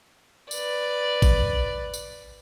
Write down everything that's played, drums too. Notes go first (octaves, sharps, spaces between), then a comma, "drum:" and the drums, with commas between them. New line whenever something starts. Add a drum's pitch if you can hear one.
B4 D5, drum: tambourine
drum: kick A1, tambourine
drum: tambourine